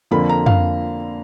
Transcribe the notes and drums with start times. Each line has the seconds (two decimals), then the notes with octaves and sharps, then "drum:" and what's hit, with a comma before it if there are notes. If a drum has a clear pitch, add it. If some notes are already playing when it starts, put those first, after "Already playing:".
0.11 F2 D3 F3 A#3 B5
0.29 A#5
0.46 F5, drum: tom